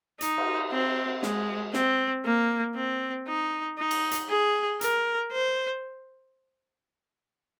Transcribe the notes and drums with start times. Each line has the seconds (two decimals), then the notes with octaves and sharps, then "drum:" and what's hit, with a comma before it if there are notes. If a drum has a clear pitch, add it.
0.21 D#4, drum: hi-hat
0.38 drum: cymbal
0.72 C4
1.23 G#3, drum: snare
1.74 C4, drum: snare
2.25 A#3
2.76 C4
3.28 D#4
3.78 D#4
3.91 drum: cymbal
4.11 drum: hi-hat
4.29 G#4
4.81 A#4, drum: hi-hat
5.32 C5